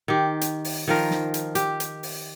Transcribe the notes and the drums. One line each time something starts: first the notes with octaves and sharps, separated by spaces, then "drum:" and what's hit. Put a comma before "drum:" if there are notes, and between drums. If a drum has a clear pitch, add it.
D#3 G4
drum: hi-hat
drum: open hi-hat
D#3 F3 A#4
drum: snare
drum: hi-hat
G4, drum: hi-hat
drum: hi-hat
drum: open hi-hat